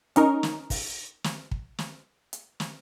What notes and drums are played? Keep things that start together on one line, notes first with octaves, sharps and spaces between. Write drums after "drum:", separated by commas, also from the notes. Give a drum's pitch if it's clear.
C#4 D#4 A#4, drum: hi-hat
drum: snare
drum: kick, open hi-hat
drum: snare
drum: kick
drum: snare
drum: hi-hat
drum: snare